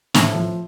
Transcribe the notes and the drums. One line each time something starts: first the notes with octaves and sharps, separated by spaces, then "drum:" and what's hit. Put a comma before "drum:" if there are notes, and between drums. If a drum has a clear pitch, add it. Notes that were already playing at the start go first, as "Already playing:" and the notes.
A2, drum: snare
F3